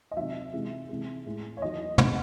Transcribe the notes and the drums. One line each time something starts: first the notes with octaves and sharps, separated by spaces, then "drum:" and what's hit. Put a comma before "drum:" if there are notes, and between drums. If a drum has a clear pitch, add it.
D#5
C3 D#3 F#3 E5
C3 E3 G#3
C3 E3 G#3
A2 G#3
C#5
E2 D#3 F#3 D#5
C3 D#3 G#3 F#5, drum: tom